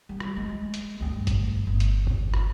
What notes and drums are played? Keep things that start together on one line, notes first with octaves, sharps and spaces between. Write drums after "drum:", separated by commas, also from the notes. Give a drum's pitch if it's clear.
G3
drum: rim click
G#3
drum: hi-hat
D2 G2
drum: kick, hi-hat
G1
drum: hi-hat
drum: kick
drum: rim click